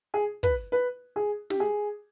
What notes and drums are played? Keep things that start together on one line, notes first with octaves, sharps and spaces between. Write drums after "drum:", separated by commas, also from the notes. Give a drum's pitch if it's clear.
G#4
B4, drum: kick
B4
G#4
G4, drum: snare
G#4